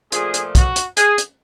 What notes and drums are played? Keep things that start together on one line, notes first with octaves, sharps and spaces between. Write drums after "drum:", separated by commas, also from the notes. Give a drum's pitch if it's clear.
A#2 F3 A3 G#4, drum: hi-hat
drum: hi-hat
F#4, drum: kick, hi-hat
drum: hi-hat
G#4, drum: hi-hat
drum: hi-hat